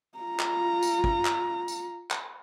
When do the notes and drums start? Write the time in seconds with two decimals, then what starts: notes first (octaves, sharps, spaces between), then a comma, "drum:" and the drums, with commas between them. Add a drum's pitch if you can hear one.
0.18 F4 A#5
0.40 drum: clap
0.82 drum: tambourine
1.04 drum: kick
1.25 drum: clap
1.68 drum: tambourine
2.11 drum: clap